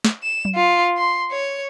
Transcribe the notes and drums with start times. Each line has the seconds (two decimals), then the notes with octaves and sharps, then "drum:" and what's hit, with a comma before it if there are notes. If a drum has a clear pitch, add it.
0.05 drum: snare
0.23 E7
0.45 drum: tom F#3
0.55 F4
0.97 C6
1.31 C#5